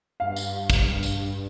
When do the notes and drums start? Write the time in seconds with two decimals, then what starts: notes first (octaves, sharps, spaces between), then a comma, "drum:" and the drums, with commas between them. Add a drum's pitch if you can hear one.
0.20 G2 F5
0.36 drum: tambourine
0.70 drum: kick, tambourine
1.03 drum: tambourine